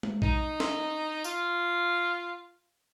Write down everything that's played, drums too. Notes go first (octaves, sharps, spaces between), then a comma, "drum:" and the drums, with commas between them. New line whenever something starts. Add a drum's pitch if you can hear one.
drum: tom G#3
D#4, drum: kick A#1
drum: snare
F4, drum: tambourine